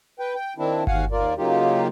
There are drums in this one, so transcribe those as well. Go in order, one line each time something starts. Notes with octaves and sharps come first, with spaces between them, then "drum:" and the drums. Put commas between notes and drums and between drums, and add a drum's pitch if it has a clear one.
B4 G5
G5
D#3 C4 D4 E4
D#2 F#4 F5 F#5 G#5, drum: kick G1
D#2 A#3 F4 A#4 D5
C#3 F#3 A#3 D#4 F4 G4